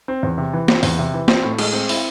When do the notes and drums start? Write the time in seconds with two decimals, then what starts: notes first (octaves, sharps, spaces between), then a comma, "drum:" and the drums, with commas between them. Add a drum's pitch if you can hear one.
0.08 C4
0.23 E2
0.38 C3
0.53 E3
0.68 C4, drum: snare
0.83 E2, drum: open hi-hat
0.99 C3
1.14 E3
1.28 C4, drum: snare
1.43 A2
1.58 G#3, drum: cymbal
1.73 C4
1.89 E4, drum: open hi-hat